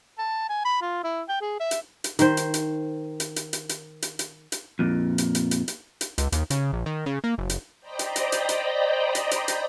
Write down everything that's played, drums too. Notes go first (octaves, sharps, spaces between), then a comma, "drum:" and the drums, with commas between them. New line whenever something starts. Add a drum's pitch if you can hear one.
A5
G#5
B5
F4
E4
G5
G#4
E5
drum: hi-hat
drum: hi-hat
D#3 C5, drum: hi-hat
drum: hi-hat
drum: hi-hat
drum: hi-hat
drum: hi-hat
drum: hi-hat
drum: hi-hat
drum: hi-hat
drum: hi-hat
drum: hi-hat
F2 A#2
drum: hi-hat
drum: hi-hat
drum: hi-hat
drum: hi-hat
drum: hi-hat
C#2, drum: hi-hat
D#2, drum: hi-hat
C#3, drum: hi-hat
A#1
D#3
C#3
A#3
F#1
drum: hi-hat
C5 D5 D#5 G5 A#5 B5
drum: hi-hat
drum: hi-hat
drum: hi-hat
drum: hi-hat
drum: hi-hat
drum: hi-hat
drum: hi-hat